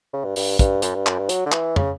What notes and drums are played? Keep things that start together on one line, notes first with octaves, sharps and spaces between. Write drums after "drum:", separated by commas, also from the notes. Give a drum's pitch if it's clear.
C#3
G2
G2, drum: open hi-hat
G2, drum: kick, hi-hat
F#2, drum: hi-hat
G2
F#2, drum: clap
G2
F#3, drum: hi-hat
D3
E3, drum: clap
C#3, drum: tom